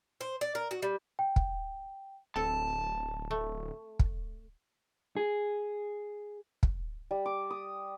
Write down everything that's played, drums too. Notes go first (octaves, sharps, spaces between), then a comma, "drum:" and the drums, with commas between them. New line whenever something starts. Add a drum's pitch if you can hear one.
C5
D5
A#4
F#4
G3
G5
drum: kick
D1 C4 A4 A5
A3
drum: kick
G#4
drum: kick
G3
D6
D#6